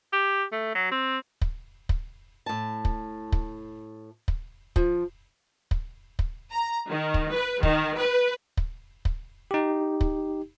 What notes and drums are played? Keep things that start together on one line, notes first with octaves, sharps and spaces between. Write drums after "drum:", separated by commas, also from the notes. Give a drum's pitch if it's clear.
G4
A3
F#3
C4
drum: kick
drum: kick
A2 A5
drum: kick
drum: kick
drum: kick
F3, drum: kick
drum: kick
drum: kick
A#5
D#3
drum: kick
B4
D#3, drum: kick
B4
drum: kick
drum: kick
D#4 G4
drum: kick